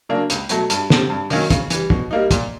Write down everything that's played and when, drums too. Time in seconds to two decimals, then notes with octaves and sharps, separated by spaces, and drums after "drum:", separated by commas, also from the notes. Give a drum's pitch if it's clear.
0.09 C#3 F#3 A#3 D4
0.30 C#2, drum: hi-hat
0.49 B2 F#3 A3, drum: hi-hat
0.70 G2, drum: hi-hat
0.90 D3 G3 C4, drum: snare
1.10 G2
1.30 D#3 F#3 A#3 C#4, drum: open hi-hat
1.50 C#3, drum: kick, hi-hat
1.70 E3 G3, drum: hi-hat
1.90 B2, drum: kick
2.11 G3 A#3 D#4
2.31 A#2, drum: kick, hi-hat